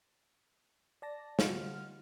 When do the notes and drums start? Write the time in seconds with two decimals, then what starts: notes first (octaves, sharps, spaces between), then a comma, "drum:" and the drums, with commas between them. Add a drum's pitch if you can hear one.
1.02 D5 A5 A#6
1.39 D3 G3 D#4 F4 F#4 F6, drum: snare